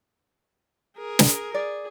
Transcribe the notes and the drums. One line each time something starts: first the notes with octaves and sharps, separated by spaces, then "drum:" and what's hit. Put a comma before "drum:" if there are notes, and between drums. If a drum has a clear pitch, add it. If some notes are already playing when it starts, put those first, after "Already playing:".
G#4 A#4
drum: snare
G#4 D5